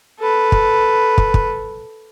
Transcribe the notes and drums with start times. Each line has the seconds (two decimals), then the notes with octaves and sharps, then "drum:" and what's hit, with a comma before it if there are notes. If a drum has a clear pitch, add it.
0.19 A4 B4
0.52 drum: kick
1.18 drum: kick
1.34 drum: kick